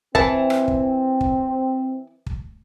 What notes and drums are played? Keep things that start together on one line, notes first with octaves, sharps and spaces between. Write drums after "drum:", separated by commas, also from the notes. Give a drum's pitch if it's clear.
E3 C4 E4 A5, drum: kick
drum: rim click
drum: kick
drum: kick
drum: kick